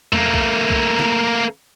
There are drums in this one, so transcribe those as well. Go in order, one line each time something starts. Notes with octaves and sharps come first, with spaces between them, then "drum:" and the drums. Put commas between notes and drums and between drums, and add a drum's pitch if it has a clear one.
A3 A#3, drum: tom E2
drum: kick B1
drum: kick B1
drum: snare